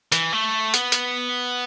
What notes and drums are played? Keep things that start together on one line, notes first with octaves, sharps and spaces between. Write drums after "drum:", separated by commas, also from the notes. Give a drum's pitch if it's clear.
E3, drum: hi-hat
A3
B3, drum: hi-hat
drum: hi-hat